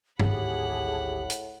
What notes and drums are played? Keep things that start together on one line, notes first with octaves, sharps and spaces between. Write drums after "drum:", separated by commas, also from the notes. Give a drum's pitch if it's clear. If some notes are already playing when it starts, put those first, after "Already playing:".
G#1 D2 A2 G4 G#4 F#5 A5 B5, drum: tom G2
drum: hi-hat